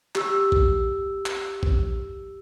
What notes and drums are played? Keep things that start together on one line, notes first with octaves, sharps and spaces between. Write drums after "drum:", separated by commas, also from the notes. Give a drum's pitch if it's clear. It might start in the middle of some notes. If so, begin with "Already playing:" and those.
G4 E6, drum: clap
drum: kick A#1
drum: clap
drum: kick A#1